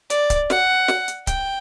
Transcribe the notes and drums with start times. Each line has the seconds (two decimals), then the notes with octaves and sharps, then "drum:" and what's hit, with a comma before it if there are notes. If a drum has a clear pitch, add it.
0.10 D5, drum: hi-hat
0.30 drum: kick C#1, hi-hat
0.50 F#5, drum: snare
0.88 drum: snare
1.08 drum: hi-hat
1.27 G5, drum: kick C#1, hi-hat